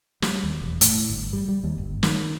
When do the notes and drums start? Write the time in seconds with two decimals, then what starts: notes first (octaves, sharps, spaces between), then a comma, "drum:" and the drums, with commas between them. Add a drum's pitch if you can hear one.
0.22 G3, drum: snare
0.43 D#2
0.62 E1
0.81 A2, drum: hi-hat
1.10 G1
1.33 G3
1.48 G3
1.64 D#2
1.78 G1
2.03 D#3, drum: snare